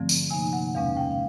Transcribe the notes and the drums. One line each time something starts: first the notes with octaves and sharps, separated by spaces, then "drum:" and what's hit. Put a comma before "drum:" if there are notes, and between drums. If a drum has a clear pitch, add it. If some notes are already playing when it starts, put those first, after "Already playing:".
Already playing: G2 D3 F3 A3 C4
drum: tambourine
C3 F3 A#3 D#4 G#5
F#5
E2 B2 G#3 C#4 F5
G5
F5